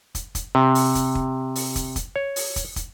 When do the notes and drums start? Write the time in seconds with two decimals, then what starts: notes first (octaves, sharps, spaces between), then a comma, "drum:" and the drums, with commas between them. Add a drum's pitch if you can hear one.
0.15 drum: kick, hi-hat
0.35 drum: kick, hi-hat
0.55 C3
0.75 drum: open hi-hat
0.95 drum: kick, hi-hat
1.15 drum: kick
1.55 drum: open hi-hat
1.76 drum: kick, hi-hat
1.96 drum: kick, hi-hat
2.16 C#5
2.36 drum: open hi-hat
2.56 drum: kick, hi-hat
2.76 drum: kick, hi-hat